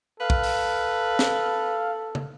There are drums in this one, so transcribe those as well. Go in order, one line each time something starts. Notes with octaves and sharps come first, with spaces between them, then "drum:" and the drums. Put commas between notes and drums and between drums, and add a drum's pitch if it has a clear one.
A4 B4 F5
drum: kick
drum: open hi-hat
drum: snare
drum: tom